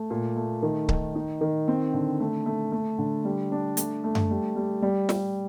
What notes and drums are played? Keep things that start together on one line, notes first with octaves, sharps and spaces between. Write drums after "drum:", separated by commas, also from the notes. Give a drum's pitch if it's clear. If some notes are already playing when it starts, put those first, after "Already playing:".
Already playing: A3
A#2
A3
D#3
D#3, drum: kick C#1
D#4
D#3
C4
D3
A3
A3
A3
D3
G3
D4
A3, drum: hi-hat
A3
drum: tom F#2
G3
G3
G3
G3, drum: snare